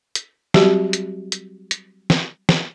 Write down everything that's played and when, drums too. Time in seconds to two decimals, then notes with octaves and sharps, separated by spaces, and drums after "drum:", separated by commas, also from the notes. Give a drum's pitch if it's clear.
0.15 drum: hi-hat
0.54 F#3 G3 C4 F#4 G4, drum: snare
0.93 drum: hi-hat
1.32 drum: hi-hat
1.71 drum: hi-hat
2.10 drum: snare
2.49 drum: snare